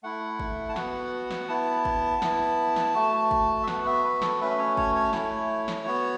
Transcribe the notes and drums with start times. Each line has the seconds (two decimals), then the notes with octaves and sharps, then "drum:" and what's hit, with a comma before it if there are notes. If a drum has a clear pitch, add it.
0.03 A3 E4 F#5
0.39 drum: kick G1
0.69 A5
0.76 B3 F#4 F#5, drum: snare
1.31 drum: snare
1.49 B3 E4 A5
1.85 drum: kick G1
2.22 B3 E4, drum: snare
2.76 drum: snare
2.95 A3 F#4
3.31 drum: kick G1
3.63 E5
3.68 B3 F#4 F#5, drum: snare
3.86 E5
4.04 B4
4.22 A4, drum: snare
4.40 A3 C#4 F#4 B4
4.50 E5
4.59 C#5
4.77 C#5, drum: kick G1
4.95 C#5
5.13 A3 E4, drum: snare
5.68 drum: snare
5.86 B3 F#4